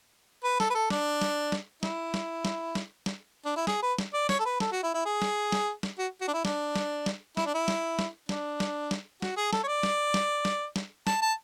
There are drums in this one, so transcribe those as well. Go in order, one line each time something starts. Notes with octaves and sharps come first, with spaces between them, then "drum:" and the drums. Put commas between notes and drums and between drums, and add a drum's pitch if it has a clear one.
B4
A4, drum: snare
B4
A4
D4, drum: snare
drum: snare
drum: snare
E4, drum: snare
drum: snare
drum: snare
drum: snare
drum: snare
D4
E4
G#4, drum: snare
B4
drum: snare
D5
C#5, drum: snare
A4
B4
A4, drum: snare
F#4
E4
E4
G#4
drum: snare
drum: snare
drum: snare
F#4
F#4
D4
E4
D4, drum: snare
drum: snare
drum: snare
E4, drum: snare
D4
E4
drum: snare
drum: snare
D4, drum: snare
drum: snare
drum: snare
F#4, drum: snare
G#4
A4, drum: snare
C#5
D5
drum: snare
drum: snare
drum: snare
drum: snare
A5, drum: snare
A5